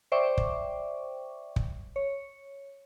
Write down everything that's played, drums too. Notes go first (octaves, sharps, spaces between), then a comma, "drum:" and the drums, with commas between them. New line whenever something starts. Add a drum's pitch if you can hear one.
C5 D5 E5 G5 C#6 D6
drum: kick
drum: kick
C#5